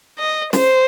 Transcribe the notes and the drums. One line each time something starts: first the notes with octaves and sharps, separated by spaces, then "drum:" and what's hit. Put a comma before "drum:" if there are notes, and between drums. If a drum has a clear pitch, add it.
D#5
C5, drum: snare